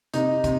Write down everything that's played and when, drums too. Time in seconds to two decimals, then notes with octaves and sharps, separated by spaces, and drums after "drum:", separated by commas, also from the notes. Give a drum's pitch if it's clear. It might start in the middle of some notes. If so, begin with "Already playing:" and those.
0.13 C3 D#4, drum: hi-hat
0.44 C3, drum: kick, hi-hat